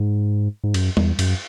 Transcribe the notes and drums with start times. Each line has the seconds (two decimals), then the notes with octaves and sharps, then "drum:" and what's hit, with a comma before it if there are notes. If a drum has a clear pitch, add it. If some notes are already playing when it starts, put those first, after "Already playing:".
Already playing: G#2
0.64 G#2
0.74 F#2, drum: cymbal
0.97 E2, drum: tom G3
1.19 F#2, drum: cymbal